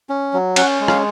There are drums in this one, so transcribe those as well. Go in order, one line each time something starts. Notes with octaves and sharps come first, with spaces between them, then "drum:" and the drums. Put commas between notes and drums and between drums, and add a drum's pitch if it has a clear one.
C#4
F#3
C#4 F#5, drum: cymbal
G#3
F5, drum: rim click